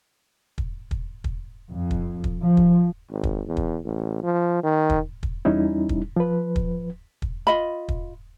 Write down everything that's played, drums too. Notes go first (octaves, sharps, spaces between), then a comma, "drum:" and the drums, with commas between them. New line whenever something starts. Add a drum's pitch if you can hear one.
drum: kick
drum: kick
drum: kick
F2
drum: kick
drum: kick
F3
drum: kick
G#1
drum: kick
E2
drum: kick
A1
F3
D#3
drum: kick
drum: kick
E2 G3 C#4 D#4 E4
drum: kick
F3 B4
drum: kick
drum: kick
F4 D#5 B5
drum: kick